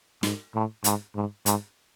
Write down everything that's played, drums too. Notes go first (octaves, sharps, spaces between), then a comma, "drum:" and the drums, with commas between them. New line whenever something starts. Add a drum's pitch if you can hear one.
G#2, drum: snare
A2
G#2, drum: hi-hat
G#2
G#2, drum: hi-hat